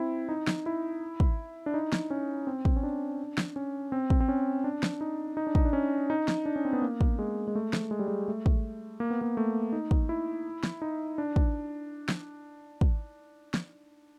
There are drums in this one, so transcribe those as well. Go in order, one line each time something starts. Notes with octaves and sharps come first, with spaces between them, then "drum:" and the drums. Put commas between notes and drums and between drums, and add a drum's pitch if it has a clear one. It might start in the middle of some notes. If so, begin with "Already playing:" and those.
Already playing: C4 E4
D#4
drum: snare
E4
drum: kick
D4
D#4
drum: snare
C#4
C4
drum: kick
C#4
D4
drum: snare
C#4
C4
drum: kick
C4
C#4
D4
drum: snare
D#4
D#4
D4
D#4, drum: kick
D4
C#4
D#4
drum: snare
D4
C#4
C4
B3
A#3
drum: kick
G#3
G#3
A3
drum: snare
G#3
G3
G#3
A3
drum: kick
A#3
B3
A#3
A3
D#4
drum: kick
E4
drum: snare
D#4
D4
drum: kick
drum: snare
drum: kick
drum: snare